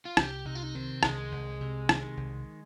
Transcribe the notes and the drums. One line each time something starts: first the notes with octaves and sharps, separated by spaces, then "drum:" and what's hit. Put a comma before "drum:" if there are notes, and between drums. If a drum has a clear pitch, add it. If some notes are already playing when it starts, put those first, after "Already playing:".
F4
C2 G4, drum: rim click
C3 D#4
F4
D#4
D#3 C4
C2 G#3, drum: rim click
C2
C3
D#3, drum: rim click
C2